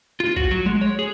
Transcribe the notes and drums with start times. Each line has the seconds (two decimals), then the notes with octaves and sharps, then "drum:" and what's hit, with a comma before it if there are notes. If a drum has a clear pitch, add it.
0.20 F4
0.37 F#4, drum: kick A1
0.51 F#3
0.66 G#3
0.81 C#5
0.99 G#4